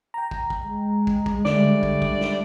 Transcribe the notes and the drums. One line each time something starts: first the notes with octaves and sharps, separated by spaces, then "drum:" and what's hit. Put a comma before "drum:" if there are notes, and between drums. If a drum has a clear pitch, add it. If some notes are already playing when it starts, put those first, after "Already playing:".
G5 A#5
drum: kick
drum: kick
G#3
drum: kick
drum: kick
D3 G3 A3 D4 D5, drum: snare
drum: kick
drum: kick
drum: snare